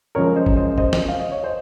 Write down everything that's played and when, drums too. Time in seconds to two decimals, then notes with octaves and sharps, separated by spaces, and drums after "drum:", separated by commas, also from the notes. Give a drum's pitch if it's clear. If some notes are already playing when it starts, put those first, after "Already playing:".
0.15 F#2 C#3 F3 G#3 A#4 C#5
0.36 C5 D#5
0.46 drum: kick
0.56 C5 D#5
0.78 C5 D#5, drum: kick
0.93 drum: snare
1.09 F5
1.20 D#5
1.32 C#5
1.43 C5 D#5